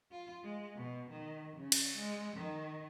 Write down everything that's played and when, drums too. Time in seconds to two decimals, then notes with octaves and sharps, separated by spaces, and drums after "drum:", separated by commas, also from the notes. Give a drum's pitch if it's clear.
0.11 F4
0.44 G#3
0.76 B2
1.10 D#3
1.56 C#3
1.72 drum: cymbal
1.96 G#3
2.37 D#3